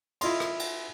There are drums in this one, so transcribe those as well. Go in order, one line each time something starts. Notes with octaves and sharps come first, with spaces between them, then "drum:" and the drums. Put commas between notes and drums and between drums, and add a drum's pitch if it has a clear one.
E4 F4 D#5 C6, drum: cymbal
drum: rim click
drum: cymbal